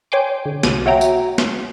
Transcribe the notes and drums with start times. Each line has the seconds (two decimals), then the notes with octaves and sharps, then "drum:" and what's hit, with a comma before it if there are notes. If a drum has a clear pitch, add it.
0.12 C#5 G5 G#5 C6 D6
0.45 D3
0.63 C2 D#7, drum: snare
0.86 F#4 C#5 E5 G5 A#5
1.01 drum: tambourine
1.38 drum: snare